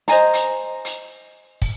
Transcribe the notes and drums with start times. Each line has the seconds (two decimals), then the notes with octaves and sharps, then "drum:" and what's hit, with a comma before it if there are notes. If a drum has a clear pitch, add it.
0.08 C5 D#5 G#5 A#5, drum: hi-hat
0.33 drum: hi-hat
0.85 drum: hi-hat
1.62 drum: kick, open hi-hat